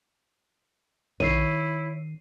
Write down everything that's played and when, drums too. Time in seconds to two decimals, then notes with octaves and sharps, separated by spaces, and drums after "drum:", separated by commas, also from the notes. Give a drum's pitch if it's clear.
1.20 D#3 E4 C#5 C7 D#7, drum: tom A#1